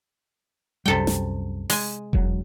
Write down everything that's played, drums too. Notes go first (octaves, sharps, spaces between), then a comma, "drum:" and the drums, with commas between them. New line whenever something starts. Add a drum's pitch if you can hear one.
C2 F#2 C3 G3 A4 G5
drum: snare
G#3 G#5, drum: open hi-hat
E1 F#3, drum: kick F1